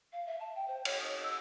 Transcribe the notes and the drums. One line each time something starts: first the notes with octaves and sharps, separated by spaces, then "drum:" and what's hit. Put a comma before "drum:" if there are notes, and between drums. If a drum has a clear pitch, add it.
F5
E5
A5
G5
C5
C#5, drum: cymbal
D#6
E6